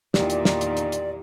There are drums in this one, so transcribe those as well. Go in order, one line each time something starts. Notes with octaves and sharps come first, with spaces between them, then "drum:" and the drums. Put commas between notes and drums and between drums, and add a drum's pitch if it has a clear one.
E2 A#2 D#3 E4 G4 D5, drum: snare
drum: hi-hat
drum: snare
drum: hi-hat
drum: hi-hat
drum: hi-hat